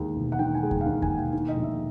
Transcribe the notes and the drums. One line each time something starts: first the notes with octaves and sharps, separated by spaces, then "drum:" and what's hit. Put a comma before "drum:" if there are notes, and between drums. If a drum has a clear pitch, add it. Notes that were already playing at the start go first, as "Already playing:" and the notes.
Already playing: D#2 D#3 G#3
E1
F#5
D#3 G5
G#5
G#3
G5, drum: kick E2
F5
D#2 F#5
G#5, drum: kick E2
E1
G5
D#3
D#5
A#1
E5